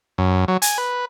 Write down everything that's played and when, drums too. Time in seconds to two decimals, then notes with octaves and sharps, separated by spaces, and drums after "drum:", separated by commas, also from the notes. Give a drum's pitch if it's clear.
0.18 F#2
0.48 F#3
0.62 G#5, drum: hi-hat
0.78 B4